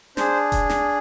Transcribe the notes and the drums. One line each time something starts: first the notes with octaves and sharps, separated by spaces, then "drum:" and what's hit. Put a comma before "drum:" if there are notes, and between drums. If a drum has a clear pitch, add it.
D4 G#4 C5, drum: snare
drum: kick E1, hi-hat
drum: snare